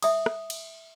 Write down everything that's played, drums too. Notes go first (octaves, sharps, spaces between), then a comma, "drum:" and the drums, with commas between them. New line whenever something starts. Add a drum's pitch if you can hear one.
E5 D#6, drum: cymbal
drum: rim click
drum: cymbal